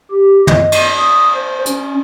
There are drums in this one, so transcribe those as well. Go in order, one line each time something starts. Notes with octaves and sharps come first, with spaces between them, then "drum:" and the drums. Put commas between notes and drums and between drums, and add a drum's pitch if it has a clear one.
G4
D#5, drum: tom
drum: cymbal
D#6
C5
C#4, drum: hi-hat